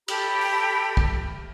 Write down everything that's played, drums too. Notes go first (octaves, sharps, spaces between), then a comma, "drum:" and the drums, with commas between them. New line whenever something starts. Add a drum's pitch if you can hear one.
G4 A4 B5, drum: cymbal
drum: open hi-hat
drum: kick